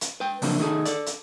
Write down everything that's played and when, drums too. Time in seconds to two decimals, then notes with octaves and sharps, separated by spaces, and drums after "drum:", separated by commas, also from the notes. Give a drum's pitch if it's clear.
0.01 drum: hi-hat
0.20 B4 G5
0.42 C#3 F3 F#3 A#3 C4 D4, drum: open hi-hat
0.59 D#3 A3 D#4 G#4 A4
0.85 A4 D5, drum: hi-hat
1.06 drum: hi-hat